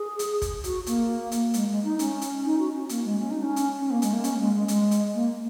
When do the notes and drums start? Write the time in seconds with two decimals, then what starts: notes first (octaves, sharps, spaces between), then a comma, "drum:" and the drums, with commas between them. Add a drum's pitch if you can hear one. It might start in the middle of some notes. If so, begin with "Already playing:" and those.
Already playing: G#4
0.19 drum: hi-hat
0.42 drum: kick, hi-hat
0.64 F#4, drum: hi-hat
0.86 A#3, drum: hi-hat
1.32 drum: hi-hat
1.54 G#3, drum: hi-hat
1.70 G#3
1.84 D#4
1.99 C#4, drum: hi-hat
2.21 drum: hi-hat
2.45 D#4
2.59 F#4
2.74 C#4
2.89 A#3, drum: hi-hat
3.04 G#3
3.19 C#4
3.30 D#4
3.43 C#4
3.56 drum: hi-hat
3.79 C#4
3.90 A#3
4.02 G#3, drum: hi-hat
4.13 A#3
4.24 C#4, drum: hi-hat
4.39 G#3
4.54 G#3
4.68 G#3, drum: hi-hat
4.91 drum: hi-hat
5.14 A#3